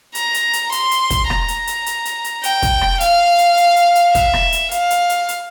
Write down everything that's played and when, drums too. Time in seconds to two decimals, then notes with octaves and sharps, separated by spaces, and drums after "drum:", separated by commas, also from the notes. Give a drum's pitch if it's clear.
0.15 A#5, drum: hi-hat
0.34 drum: hi-hat
0.53 drum: hi-hat
0.72 C6, drum: hi-hat
0.91 drum: hi-hat
1.10 drum: kick, hi-hat
1.30 A#5, drum: rim click
1.48 drum: hi-hat
1.67 drum: hi-hat
1.86 drum: hi-hat
2.05 drum: hi-hat
2.24 drum: hi-hat
2.43 G5, drum: hi-hat
2.62 drum: kick, hi-hat
2.81 drum: rim click
3.01 F5, drum: hi-hat
3.38 drum: hi-hat
3.57 drum: hi-hat
3.76 drum: hi-hat
3.95 drum: hi-hat
4.15 E5, drum: kick, hi-hat
4.33 drum: rim click
4.52 drum: hi-hat
4.71 F5, drum: hi-hat
4.90 drum: hi-hat
5.09 drum: hi-hat
5.28 drum: hi-hat